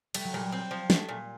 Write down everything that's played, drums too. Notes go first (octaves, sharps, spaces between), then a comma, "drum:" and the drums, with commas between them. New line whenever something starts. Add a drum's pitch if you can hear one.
G3 A3, drum: cymbal
F#3
A#2 G3
C4
F3
A3, drum: snare
A#2